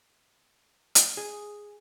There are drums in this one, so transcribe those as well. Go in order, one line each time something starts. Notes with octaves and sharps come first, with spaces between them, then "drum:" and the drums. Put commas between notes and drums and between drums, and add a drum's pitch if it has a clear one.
drum: hi-hat
G#4